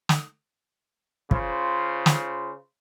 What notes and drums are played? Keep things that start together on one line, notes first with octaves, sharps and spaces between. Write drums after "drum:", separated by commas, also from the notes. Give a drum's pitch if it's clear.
drum: snare
C#3 F4 C5, drum: kick
drum: snare